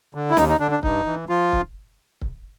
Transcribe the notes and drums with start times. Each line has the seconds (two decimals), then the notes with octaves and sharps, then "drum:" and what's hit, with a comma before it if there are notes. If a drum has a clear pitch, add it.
0.15 D3
0.30 E4
0.37 D#2 D#4, drum: snare
0.48 D#4
0.60 D3 D4
0.71 D4
0.83 G2 D#4, drum: kick C#1
1.06 E3
1.29 F3 F4
1.52 drum: kick C#1
2.21 drum: kick C#1